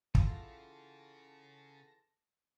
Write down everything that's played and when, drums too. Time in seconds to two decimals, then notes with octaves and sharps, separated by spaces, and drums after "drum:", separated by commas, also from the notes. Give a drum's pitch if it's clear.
0.15 C#3 E3 F4 G#4 A4 F#5 A5 A#6, drum: kick